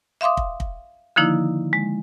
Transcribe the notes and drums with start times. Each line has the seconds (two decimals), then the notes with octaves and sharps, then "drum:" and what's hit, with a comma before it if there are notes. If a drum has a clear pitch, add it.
0.21 E5 F5 C6 D6 D#6
0.37 drum: kick
0.60 drum: kick
1.16 D3 D#3 F3 A#3 D#4 E4
1.73 G#3